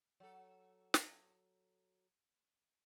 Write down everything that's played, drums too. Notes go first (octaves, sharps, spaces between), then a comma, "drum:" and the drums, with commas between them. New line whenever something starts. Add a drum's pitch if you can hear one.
F#3 A4
drum: snare